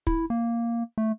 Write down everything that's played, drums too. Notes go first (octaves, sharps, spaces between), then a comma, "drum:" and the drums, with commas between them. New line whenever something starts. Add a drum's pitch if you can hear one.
E4, drum: kick
A#3
A3